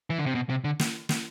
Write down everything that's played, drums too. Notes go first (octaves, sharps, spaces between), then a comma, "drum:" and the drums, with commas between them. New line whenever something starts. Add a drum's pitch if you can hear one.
E3
D3
C3
B2
C3
D3
drum: snare
drum: snare